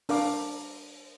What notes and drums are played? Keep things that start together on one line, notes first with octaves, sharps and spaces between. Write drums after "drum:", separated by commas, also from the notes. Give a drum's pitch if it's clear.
D4 A#4 F5 D6, drum: open hi-hat